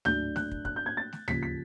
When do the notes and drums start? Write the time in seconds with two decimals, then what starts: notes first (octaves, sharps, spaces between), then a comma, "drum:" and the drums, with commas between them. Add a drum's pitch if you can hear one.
0.05 A2 F#3 A3 D4 G6, drum: tom
0.36 F#6, drum: snare A3
0.51 drum: kick
0.65 F#6, drum: kick
0.76 G6
0.86 G#6
0.97 A6
1.13 drum: snare A3
1.28 D#2 C#3 F3 B6, drum: tom
1.43 B6